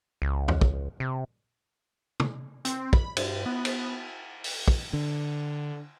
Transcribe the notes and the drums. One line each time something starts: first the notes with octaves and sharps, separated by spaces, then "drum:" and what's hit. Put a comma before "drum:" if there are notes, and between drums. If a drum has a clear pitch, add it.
C#2
drum: tom E2
drum: kick
C3
drum: tom
C4, drum: hi-hat
B5, drum: kick
G2, drum: cymbal
B3
drum: cymbal
drum: open hi-hat
drum: kick
D3